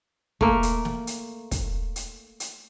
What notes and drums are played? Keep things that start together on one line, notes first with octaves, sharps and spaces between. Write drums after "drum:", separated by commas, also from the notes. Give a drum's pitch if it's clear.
A3 A#3, drum: kick
drum: hi-hat
drum: snare
drum: hi-hat
drum: kick, hi-hat
drum: hi-hat
drum: hi-hat